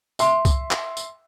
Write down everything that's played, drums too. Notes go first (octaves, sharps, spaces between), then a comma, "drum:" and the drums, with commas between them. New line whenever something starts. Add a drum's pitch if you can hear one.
E5 C6, drum: tambourine
drum: kick C2, tambourine
drum: clap
drum: tambourine